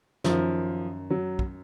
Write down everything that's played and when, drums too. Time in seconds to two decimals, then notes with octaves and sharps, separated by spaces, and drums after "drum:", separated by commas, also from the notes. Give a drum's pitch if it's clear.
0.24 F#2 D#3 F3, drum: snare
1.10 F#3
1.39 drum: kick